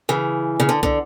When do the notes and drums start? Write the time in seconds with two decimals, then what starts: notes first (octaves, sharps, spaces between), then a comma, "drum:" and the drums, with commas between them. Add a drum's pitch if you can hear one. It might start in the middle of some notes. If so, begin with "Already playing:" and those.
0.09 C#3 E3
0.60 C#3
0.69 D3
0.83 D3, drum: kick